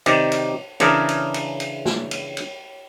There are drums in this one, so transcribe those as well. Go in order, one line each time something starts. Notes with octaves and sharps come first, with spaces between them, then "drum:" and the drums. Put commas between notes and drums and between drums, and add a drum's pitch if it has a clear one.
C3 D#3 D5, drum: cymbal
drum: cymbal
C#3 E3 D4 G#4 A#4, drum: cymbal
drum: cymbal
drum: cymbal
drum: cymbal
drum: snare
drum: cymbal
drum: cymbal